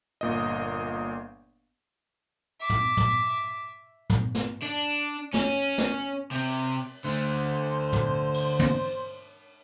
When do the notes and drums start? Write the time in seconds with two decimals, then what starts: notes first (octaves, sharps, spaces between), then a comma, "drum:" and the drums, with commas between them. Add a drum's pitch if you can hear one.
0.21 G1 A#2 D#5
2.60 E5 D6
2.70 drum: tom
2.97 drum: tom
4.10 drum: tom
4.35 drum: snare
4.63 D4, drum: hi-hat
5.34 C#4, drum: snare
5.78 drum: snare
6.31 C3, drum: cymbal
7.05 D3 A3 C5
7.93 drum: tom
8.34 drum: cymbal
8.59 drum: tom
8.84 drum: hi-hat